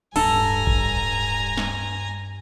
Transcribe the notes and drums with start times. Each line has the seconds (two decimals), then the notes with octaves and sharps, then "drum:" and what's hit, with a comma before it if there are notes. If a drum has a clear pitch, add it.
0.16 D1 G2 D4 A4 G#5 A#5, drum: cymbal
0.67 drum: kick A1
1.57 drum: snare